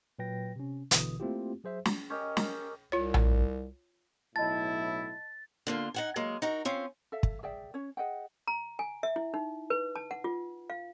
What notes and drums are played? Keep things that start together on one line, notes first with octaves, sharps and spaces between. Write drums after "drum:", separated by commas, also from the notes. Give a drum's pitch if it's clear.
A#2 F#3 B4 G5 A#6
C3 C#4
G#1 B2 D3 E3 D#6, drum: hi-hat
A3 A#3 C4 E4 F4 G4
F#3 G#4 C5 E5
drum: snare
C#4 G4 A#4 D#5
drum: snare
C2 F4 C#5
drum: tom A#1
B1 A2 E4 D#5 A5 A6
D3 A#3 F4
D#4 F#5 G#5
F#3 G#3 A#3
D#4 F#4 A#4
C4 C#4 F4
A4 E5 F5
drum: kick
G#4 D5 E5 G5
C#4 C#5
G#4 D#5 F#5 G5
A#5
G#5
E5
E4
D#4
B4
A5
F#5
F4
F5